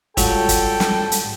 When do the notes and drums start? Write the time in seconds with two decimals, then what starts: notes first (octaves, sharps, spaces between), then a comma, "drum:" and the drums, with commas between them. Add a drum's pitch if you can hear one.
0.17 G#2 F#3 G3 F4 A4 G5, drum: kick, hi-hat
0.49 drum: kick, hi-hat
0.80 drum: snare
1.12 drum: hi-hat